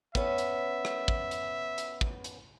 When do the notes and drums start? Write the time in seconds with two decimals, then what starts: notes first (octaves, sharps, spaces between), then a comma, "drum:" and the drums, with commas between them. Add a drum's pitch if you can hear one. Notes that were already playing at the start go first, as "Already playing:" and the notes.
0.15 B3 C#4 E5, drum: kick
0.38 drum: hi-hat
0.85 drum: rim click
1.08 drum: kick
1.31 drum: hi-hat
1.78 drum: hi-hat
2.01 drum: kick
2.24 drum: hi-hat